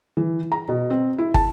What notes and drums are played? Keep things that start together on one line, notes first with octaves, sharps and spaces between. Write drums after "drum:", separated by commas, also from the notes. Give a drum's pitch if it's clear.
E3
A#5
B2
C4
E4
A5, drum: kick